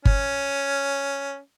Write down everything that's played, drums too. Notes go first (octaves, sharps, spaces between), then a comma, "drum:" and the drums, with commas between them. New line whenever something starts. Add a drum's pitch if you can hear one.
C#4, drum: kick G1